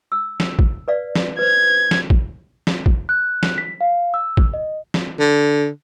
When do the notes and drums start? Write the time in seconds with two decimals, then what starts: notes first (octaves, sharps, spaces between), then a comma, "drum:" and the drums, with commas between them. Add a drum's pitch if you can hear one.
0.12 E6
0.40 drum: snare
0.59 drum: kick
0.88 B4 D5 F5
1.16 drum: snare
1.39 B4 C5 G#6
1.91 drum: snare
2.10 drum: kick
2.67 drum: snare
2.86 drum: kick
3.09 F#6
3.43 drum: snare
3.58 B6
3.81 F5
4.14 E6
4.37 drum: kick
4.54 D#5
4.94 drum: snare
5.19 D3